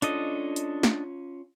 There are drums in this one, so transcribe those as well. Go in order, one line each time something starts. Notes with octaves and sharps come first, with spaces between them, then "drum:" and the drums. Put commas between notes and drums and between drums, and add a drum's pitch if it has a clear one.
C#4 D4 F4 A4 D#5, drum: hi-hat
drum: hi-hat
drum: snare